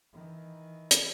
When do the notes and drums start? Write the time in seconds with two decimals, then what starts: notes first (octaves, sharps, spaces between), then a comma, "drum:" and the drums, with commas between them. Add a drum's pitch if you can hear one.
0.13 D#3 E3
0.91 drum: hi-hat